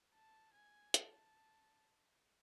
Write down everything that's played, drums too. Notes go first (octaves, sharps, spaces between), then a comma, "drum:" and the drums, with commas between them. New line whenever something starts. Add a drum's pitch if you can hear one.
A5
G#5
A5, drum: hi-hat